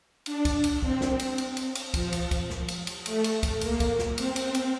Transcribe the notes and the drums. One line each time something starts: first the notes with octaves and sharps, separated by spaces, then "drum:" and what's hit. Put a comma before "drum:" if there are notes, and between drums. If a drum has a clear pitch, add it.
D4, drum: cymbal
drum: kick, cymbal
drum: cymbal
C4, drum: kick
drum: snare
drum: cymbal
drum: cymbal
drum: cymbal
drum: cymbal
F3, drum: kick, cymbal
drum: cymbal
drum: kick, cymbal
drum: snare
drum: cymbal
drum: cymbal
A3, drum: cymbal
drum: cymbal
drum: kick, cymbal
A#3, drum: cymbal
drum: kick, cymbal
drum: snare
C4, drum: cymbal
drum: cymbal
drum: cymbal